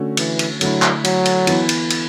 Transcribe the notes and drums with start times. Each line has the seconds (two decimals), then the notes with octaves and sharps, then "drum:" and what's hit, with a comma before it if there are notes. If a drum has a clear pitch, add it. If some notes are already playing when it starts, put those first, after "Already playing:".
Already playing: D3 A3 C#4 F#4
0.17 E3, drum: cymbal
0.39 drum: cymbal
0.61 D3 F#3 A3 E4, drum: cymbal
0.82 drum: clap
1.05 F#3, drum: cymbal
1.26 drum: cymbal
1.47 E3 B3 E4, drum: cymbal
1.69 drum: cymbal
1.90 drum: cymbal